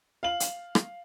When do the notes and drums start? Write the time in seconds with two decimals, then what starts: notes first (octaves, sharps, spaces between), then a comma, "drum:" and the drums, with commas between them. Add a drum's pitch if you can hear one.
0.23 F5 F#7
0.40 drum: hi-hat
0.75 drum: rim click